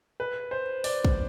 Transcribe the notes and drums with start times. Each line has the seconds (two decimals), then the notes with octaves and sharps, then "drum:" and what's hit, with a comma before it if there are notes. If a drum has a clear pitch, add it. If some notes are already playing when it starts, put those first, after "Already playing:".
0.20 B4
0.51 C5
0.84 D5, drum: open hi-hat
1.05 drum: kick